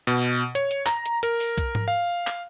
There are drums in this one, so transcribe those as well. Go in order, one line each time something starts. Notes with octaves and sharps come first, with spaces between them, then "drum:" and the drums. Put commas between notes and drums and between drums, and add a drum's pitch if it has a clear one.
B2
C#5, drum: hi-hat
drum: hi-hat
A#5, drum: clap
drum: hi-hat
A#4, drum: hi-hat
drum: open hi-hat
drum: kick B1, hi-hat
drum: tom G#2
F5
drum: clap